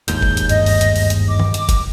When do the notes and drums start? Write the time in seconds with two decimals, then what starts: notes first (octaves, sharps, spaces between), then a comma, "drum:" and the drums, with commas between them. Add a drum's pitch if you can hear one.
0.08 G1 D#2 G#2 G6, drum: hi-hat
0.22 drum: kick
0.37 drum: hi-hat
0.49 G2 D#5, drum: hi-hat
0.66 drum: open hi-hat
0.81 drum: hi-hat
0.96 drum: open hi-hat
1.10 drum: hi-hat
1.29 D6
1.39 drum: tom D#3
1.54 drum: hi-hat
1.69 drum: kick, hi-hat